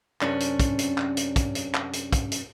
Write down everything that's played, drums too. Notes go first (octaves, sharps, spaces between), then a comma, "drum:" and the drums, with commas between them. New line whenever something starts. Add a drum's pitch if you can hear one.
F#2 C3 C#4 D4, drum: clap
drum: hi-hat
drum: kick, hi-hat
drum: hi-hat
drum: clap
drum: hi-hat
drum: kick, hi-hat
drum: hi-hat
drum: clap
drum: hi-hat
drum: kick, hi-hat
drum: hi-hat